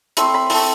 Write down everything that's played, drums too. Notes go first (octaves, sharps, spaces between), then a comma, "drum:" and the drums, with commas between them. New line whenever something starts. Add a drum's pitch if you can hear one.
A3 C4 E4 C6, drum: hi-hat
B5
A3 C4 E4 A5, drum: open hi-hat